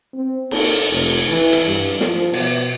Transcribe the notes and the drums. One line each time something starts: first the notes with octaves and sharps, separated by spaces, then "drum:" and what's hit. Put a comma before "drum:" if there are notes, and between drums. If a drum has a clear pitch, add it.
C4
A#3, drum: cymbal
F1
E3
drum: hi-hat
G2
F3, drum: snare
B2, drum: open hi-hat